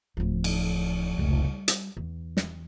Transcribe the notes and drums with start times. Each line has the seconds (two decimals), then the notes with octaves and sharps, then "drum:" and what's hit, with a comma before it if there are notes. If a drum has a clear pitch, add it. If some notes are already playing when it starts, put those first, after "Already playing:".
0.17 D1 F3
0.44 drum: cymbal
1.18 F1 C#2
1.44 G3
1.68 drum: hi-hat
1.97 E2
2.37 drum: snare